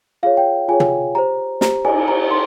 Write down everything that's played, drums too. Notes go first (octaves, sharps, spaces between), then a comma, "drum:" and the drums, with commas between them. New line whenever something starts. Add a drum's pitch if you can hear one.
F4 G#4 C#5 F5
G5
F4 G#4 C#5 G#5
drum: tom
G4 C5 A#5
G4 C5 A#5, drum: snare
G#5, drum: cymbal
G4 C5 A#5
C6